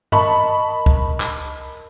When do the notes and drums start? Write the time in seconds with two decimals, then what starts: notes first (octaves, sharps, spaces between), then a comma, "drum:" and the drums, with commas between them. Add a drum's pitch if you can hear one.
0.12 A#4 D#5 A5 B5 C#6, drum: tom G2
0.86 drum: kick
1.20 drum: clap